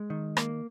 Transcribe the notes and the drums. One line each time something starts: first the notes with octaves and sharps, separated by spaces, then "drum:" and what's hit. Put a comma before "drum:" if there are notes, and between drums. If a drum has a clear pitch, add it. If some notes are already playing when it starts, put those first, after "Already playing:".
Already playing: G#3
D#3
A#3, drum: rim click